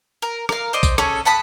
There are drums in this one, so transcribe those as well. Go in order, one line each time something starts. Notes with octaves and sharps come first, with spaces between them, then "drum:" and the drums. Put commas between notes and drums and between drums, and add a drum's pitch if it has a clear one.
A#4
A#4 F5, drum: rim click
C5 D5 D#5
drum: kick A#1, tambourine
C#4 G#4 A4 C#5, drum: rim click
F#5 A5 B5 D#6